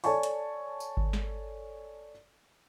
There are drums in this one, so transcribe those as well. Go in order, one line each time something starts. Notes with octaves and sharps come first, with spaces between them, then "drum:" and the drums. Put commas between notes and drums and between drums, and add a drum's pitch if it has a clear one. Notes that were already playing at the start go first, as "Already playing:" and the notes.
A4 C#5 D5 G#5 A5 C#6, drum: open hi-hat
drum: hi-hat
drum: tambourine
drum: kick G#1
drum: snare